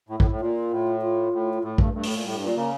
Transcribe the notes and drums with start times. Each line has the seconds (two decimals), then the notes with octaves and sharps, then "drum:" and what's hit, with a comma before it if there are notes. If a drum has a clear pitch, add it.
0.09 A2 E4
0.20 A2, drum: kick
0.30 A2
0.40 A#2 F4
0.70 A2
1.01 F4
1.33 A2
1.53 F4
1.63 A2 E4
1.78 G2 A3, drum: kick
1.94 G2 A3
2.03 A2, drum: open hi-hat
2.14 A#2
2.25 A2 G3
2.34 G2
2.45 A#2
2.55 C#3 A#3